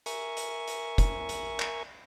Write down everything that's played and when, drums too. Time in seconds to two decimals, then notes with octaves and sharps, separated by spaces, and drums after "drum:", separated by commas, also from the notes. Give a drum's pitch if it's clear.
0.06 A#4 E5 G#5 C#6, drum: hi-hat
0.37 drum: hi-hat
0.68 drum: hi-hat
0.98 drum: kick, hi-hat
1.29 drum: hi-hat
1.60 drum: clap